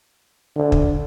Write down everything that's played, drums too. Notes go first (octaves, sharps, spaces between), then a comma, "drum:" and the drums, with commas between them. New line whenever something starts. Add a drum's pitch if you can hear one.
D3
drum: kick